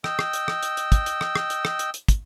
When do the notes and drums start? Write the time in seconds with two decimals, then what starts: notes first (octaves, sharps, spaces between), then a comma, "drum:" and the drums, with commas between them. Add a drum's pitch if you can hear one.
0.04 D#5 G5 E6, drum: rim click
0.19 drum: rim click
0.33 drum: hi-hat
0.48 drum: rim click
0.63 drum: hi-hat
0.77 drum: hi-hat
0.92 drum: kick, hi-hat
1.06 drum: hi-hat
1.21 drum: rim click
1.36 drum: rim click
1.50 drum: hi-hat
1.65 drum: rim click
1.79 drum: hi-hat
1.94 drum: hi-hat
2.08 drum: kick, hi-hat